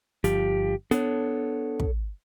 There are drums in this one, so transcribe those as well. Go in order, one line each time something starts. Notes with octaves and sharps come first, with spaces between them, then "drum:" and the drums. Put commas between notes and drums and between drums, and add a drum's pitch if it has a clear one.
G1 F3 G4, drum: hi-hat
B3 D4 A4 C#5, drum: hi-hat
drum: kick